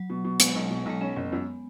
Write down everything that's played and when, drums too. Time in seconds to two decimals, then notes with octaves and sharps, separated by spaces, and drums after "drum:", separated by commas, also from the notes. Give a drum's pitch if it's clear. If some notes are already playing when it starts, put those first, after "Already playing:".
Already playing: F#3
0.10 B2
0.25 B2
0.40 G#3 B3, drum: hi-hat
0.55 B1
0.70 B2
0.86 B1 G#3
1.01 B3 C#4
1.16 F#1
1.32 F#2